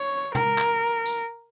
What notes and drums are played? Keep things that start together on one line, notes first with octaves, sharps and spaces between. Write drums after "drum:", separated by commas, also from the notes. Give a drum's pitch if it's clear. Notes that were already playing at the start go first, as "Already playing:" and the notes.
Already playing: C#5
A#4, drum: tom
drum: clap
drum: tambourine